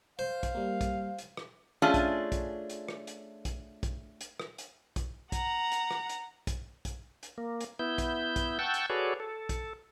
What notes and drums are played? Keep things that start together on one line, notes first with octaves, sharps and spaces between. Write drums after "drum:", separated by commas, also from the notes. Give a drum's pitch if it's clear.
C5 F5
drum: kick, hi-hat
G3 A#3
drum: kick, hi-hat
drum: hi-hat
drum: rim click
A3 C#4 D4 F4 G#4
drum: kick, hi-hat
drum: kick, hi-hat
drum: hi-hat
drum: rim click
drum: hi-hat
drum: kick, hi-hat
drum: kick, hi-hat
drum: hi-hat
drum: rim click
drum: hi-hat
drum: kick, hi-hat
F#5 A#5, drum: kick, hi-hat
drum: hi-hat
drum: rim click
drum: hi-hat
drum: kick, hi-hat
drum: kick, hi-hat
drum: hi-hat
A#3
drum: hi-hat
B3 E4 G6
drum: kick, hi-hat
drum: kick, hi-hat
F#5 G5 A5 C#6 E6 G6
drum: hi-hat
F#4 G#4 A4 B4 C#5 D5
A4
drum: kick, hi-hat